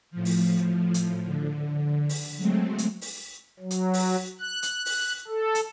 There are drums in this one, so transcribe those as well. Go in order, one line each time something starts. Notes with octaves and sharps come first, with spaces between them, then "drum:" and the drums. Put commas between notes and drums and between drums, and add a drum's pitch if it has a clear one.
A2 F3
drum: open hi-hat
drum: hi-hat
D3
drum: open hi-hat
F#3 G#3 A3 C4
drum: hi-hat
drum: open hi-hat
F#3
drum: hi-hat
drum: open hi-hat
F#6
drum: hi-hat
drum: open hi-hat
A4
drum: hi-hat